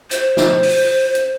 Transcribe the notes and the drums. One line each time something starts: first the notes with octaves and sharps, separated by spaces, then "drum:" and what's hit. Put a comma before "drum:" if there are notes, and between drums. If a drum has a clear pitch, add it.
C5, drum: hi-hat
drum: snare
drum: open hi-hat
drum: hi-hat